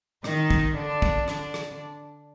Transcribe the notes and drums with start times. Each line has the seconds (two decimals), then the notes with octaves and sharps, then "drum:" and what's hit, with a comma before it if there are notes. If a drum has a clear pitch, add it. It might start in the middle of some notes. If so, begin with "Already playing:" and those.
0.24 D#3 D#4, drum: rim click
0.50 drum: kick
0.76 D3 D4
1.02 drum: kick
1.28 D3 D4, drum: rim click
1.54 drum: rim click